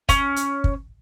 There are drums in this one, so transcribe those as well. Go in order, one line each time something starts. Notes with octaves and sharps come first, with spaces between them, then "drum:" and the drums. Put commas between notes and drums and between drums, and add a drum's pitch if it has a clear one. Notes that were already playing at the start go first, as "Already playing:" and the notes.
C#4, drum: kick, hi-hat
drum: hi-hat
drum: kick